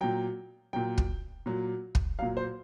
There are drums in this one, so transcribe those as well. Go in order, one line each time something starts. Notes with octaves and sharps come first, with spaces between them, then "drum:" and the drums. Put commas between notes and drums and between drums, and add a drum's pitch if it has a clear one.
A#2 F#3 G5
A#2 F#3 G5
drum: kick
A#2 F#3
drum: kick
A#2 F#3 F5
C5